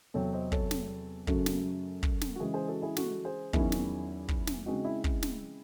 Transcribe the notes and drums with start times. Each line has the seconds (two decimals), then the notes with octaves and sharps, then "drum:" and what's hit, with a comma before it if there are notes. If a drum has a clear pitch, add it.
0.14 E2 C3 F#3 C4 A4 C#5
0.33 C5 D#5
0.52 A4 C#5, drum: kick
0.71 drum: snare
1.27 F#2 C#3 F#3 A3 F#4 A4, drum: kick
1.46 drum: snare
2.03 drum: kick
2.21 drum: snare
2.36 F#4
2.40 C#3 E3 G#3 E4 G#4
2.54 G#4 C5
2.68 F#4 A4
2.82 E4 G#4
2.97 F#4 A4, drum: snare
3.25 G#4 C5
3.53 E2 D#3 F#3 C#4 E4 G#4, drum: kick
3.72 drum: snare
4.28 drum: kick
4.47 drum: snare
4.66 C#3 G#3 C4 D#4 F#4
4.85 E4
5.04 E4, drum: kick
5.23 drum: snare